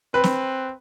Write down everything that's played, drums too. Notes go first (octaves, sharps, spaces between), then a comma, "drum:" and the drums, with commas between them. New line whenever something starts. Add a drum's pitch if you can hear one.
C4 B4
drum: snare